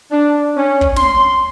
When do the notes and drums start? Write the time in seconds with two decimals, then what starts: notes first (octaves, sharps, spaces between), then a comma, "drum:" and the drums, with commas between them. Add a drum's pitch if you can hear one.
0.11 D4
0.56 C#4
0.81 drum: kick
0.96 C6, drum: snare